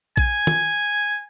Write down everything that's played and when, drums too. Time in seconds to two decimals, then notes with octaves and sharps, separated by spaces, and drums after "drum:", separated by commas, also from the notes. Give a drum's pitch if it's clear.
0.17 G#5, drum: kick A#1
0.47 drum: tom